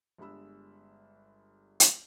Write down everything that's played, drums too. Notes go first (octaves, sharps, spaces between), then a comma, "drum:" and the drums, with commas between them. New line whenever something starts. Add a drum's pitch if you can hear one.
G1 G3 G#3 D4 B5 E6
drum: hi-hat